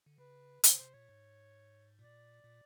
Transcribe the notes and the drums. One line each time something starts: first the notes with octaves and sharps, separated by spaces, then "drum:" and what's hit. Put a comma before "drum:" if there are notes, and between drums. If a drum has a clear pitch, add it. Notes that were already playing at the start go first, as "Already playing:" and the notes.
D3
C#3 B4
C#3 C5, drum: hi-hat
C3 C5
A#2 C#5
G#2
A#2 D5
A#2